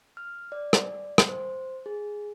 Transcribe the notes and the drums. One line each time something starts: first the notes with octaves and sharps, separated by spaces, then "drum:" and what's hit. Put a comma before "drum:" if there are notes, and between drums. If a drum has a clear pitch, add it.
F6
D5
drum: rim click
drum: rim click
C5
G#4